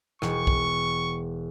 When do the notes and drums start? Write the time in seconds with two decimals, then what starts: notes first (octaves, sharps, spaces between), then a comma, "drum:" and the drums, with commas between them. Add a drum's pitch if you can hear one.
0.22 E1 C#6, drum: rim click
0.47 drum: kick B1